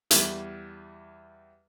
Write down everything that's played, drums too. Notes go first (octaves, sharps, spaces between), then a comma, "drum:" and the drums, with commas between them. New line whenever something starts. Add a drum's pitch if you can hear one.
E2 G3, drum: hi-hat